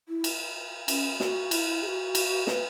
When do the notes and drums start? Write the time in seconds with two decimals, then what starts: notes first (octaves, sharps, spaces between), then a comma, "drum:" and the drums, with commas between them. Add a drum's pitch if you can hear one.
0.09 E4
0.24 drum: cymbal
0.88 C#4, drum: cymbal
1.20 F#4, drum: snare
1.51 E4, drum: cymbal
1.82 G#4
1.87 F#4
2.15 drum: cymbal
2.47 B4, drum: snare